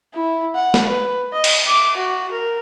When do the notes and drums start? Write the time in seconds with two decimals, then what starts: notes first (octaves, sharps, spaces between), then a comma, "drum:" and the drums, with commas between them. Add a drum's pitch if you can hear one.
0.14 E4
0.55 F#5
0.74 drum: snare
0.88 B4
1.32 D#5
1.44 drum: cymbal
1.67 D6
1.97 F#4
2.31 A#4